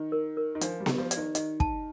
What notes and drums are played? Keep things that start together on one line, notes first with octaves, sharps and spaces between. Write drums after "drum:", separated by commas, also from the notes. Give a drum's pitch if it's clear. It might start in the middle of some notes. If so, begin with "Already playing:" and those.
Already playing: D#3
A#4
A#4
D#3
F3 D4, drum: hi-hat
G3
G4, drum: snare B3
F3
D5, drum: hi-hat
D#3
D#3 D#5, drum: hi-hat
A5, drum: kick